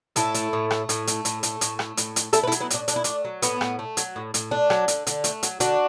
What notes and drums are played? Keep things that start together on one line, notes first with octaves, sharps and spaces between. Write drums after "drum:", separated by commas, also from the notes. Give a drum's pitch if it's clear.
A2 E4 A4, drum: hi-hat
A3, drum: hi-hat
A2
A3, drum: rim click
A2, drum: hi-hat
A3, drum: hi-hat
A2, drum: hi-hat
A3, drum: hi-hat
A2, drum: hi-hat
A3, drum: rim click
A2, drum: hi-hat
A3, drum: hi-hat
A3 E4 A4, drum: hi-hat
B4
E4 A4
F#3, drum: hi-hat
B3 E4
A2 D4, drum: hi-hat
A2 D4, drum: hi-hat
E4
A3 D4, drum: hi-hat
F#3
A2 B3, drum: hi-hat
A2, drum: rim click
A3
F#3, drum: hi-hat
A2
A2, drum: hi-hat
A3 D4
F#3, drum: rim click
D3, drum: hi-hat
D3, drum: hi-hat
A3, drum: hi-hat
F#3, drum: hi-hat
D3 D4 F#4, drum: hi-hat